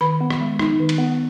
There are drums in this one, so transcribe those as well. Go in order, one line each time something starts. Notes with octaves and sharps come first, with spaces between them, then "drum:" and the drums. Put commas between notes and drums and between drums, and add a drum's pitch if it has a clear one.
D#3 B5
B3
drum: rim click
G#3
D#4, drum: rim click
D#3
drum: cymbal
B3